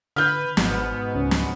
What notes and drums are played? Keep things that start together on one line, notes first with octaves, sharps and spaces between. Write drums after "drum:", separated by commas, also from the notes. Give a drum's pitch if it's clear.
D3 B4 F6 G6
G#1 G#2 B2 B3, drum: snare
C#2 C#4
drum: snare